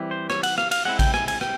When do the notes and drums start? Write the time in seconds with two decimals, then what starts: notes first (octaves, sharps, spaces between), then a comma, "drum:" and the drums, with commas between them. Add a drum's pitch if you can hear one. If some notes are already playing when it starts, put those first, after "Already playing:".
Already playing: E3 G3 C4 E4
0.11 C5
0.30 C#5, drum: rim click
0.43 F#5, drum: cymbal
0.58 F5, drum: rim click
0.71 F5, drum: cymbal
0.85 G#3 C4 E4 F#5
0.99 G5, drum: kick A1, cymbal
1.14 G#5, drum: rim click
1.28 G#5, drum: cymbal
1.41 G5, drum: rim click